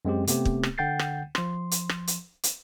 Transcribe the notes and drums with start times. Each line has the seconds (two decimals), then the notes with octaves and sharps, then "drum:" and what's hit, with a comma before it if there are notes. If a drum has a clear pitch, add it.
0.05 F#2 G#3 C4 G4
0.27 C3 A3 B3 C4 G4, drum: hi-hat
0.45 drum: kick
0.63 drum: rim click
0.78 D3 F#5 G5 G6 A6 C7
0.99 drum: rim click
1.35 F3 C6, drum: rim click
1.71 drum: hi-hat
1.89 drum: rim click
2.07 drum: hi-hat
2.43 drum: hi-hat